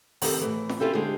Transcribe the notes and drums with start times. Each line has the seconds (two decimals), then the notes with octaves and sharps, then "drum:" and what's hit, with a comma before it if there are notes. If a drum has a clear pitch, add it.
0.22 D#3 C4 G4 A4, drum: open hi-hat
0.41 A2 E3
0.69 drum: snare F4
0.80 C#4 E4 F4 G4 A4 C5
0.94 D3 G#3 G4 G#4 C5